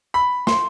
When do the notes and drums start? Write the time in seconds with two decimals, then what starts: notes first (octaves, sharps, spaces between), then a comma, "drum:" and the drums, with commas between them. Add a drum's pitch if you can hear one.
0.14 B5
0.47 C6, drum: snare